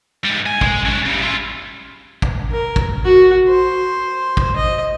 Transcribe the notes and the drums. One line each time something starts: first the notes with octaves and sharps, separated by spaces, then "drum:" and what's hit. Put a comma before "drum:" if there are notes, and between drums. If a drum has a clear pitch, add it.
G#2 G3
G#5
G#3, drum: kick
C#4 D4
C#3 G3
E4 F4
drum: kick
A#4
drum: kick
F#4
C5
drum: kick
D#5